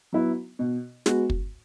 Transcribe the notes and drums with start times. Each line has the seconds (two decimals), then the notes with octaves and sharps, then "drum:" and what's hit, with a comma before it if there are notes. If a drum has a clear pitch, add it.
0.13 F#3 B3 E4
0.59 B2
1.06 G#3 B3 F#4, drum: snare
1.30 drum: kick